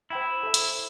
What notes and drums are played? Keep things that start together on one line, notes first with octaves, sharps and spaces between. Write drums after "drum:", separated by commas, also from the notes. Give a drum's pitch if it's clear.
E4 C5 G5 B5
A4 C5 E5
drum: hi-hat